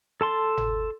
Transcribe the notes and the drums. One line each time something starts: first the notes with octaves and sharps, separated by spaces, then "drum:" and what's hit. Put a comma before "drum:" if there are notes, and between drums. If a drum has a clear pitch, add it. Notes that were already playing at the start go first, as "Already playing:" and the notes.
A4 A5 C6
drum: tom G1